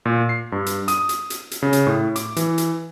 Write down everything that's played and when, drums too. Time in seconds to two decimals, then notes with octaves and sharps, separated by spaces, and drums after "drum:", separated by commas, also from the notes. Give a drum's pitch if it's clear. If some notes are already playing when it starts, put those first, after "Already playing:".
0.05 A#2
0.29 C7
0.52 G2
0.66 drum: hi-hat
0.88 D#6, drum: hi-hat
1.09 drum: hi-hat
1.30 drum: hi-hat
1.51 drum: hi-hat
1.62 C#3
1.73 drum: hi-hat
1.87 A2
2.16 D6, drum: hi-hat
2.36 E3, drum: hi-hat
2.58 drum: hi-hat